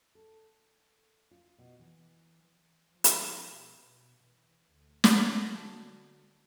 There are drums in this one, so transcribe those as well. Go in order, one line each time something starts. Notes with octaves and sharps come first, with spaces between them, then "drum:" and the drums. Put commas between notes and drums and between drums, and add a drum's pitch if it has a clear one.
A4
F4
B2
E3
F3
drum: hi-hat
B2
E3
D2
drum: snare
D3 F#3 A5